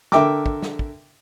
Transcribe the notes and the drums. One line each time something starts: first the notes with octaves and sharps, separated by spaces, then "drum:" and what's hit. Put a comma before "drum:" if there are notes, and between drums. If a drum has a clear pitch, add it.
D3 A#4 E5 G5 D6, drum: snare
drum: kick
drum: snare
drum: kick